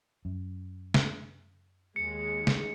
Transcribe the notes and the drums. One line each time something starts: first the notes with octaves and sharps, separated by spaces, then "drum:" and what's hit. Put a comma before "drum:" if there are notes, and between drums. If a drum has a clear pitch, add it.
F#2
drum: snare
D#2 G#3 C#7
drum: snare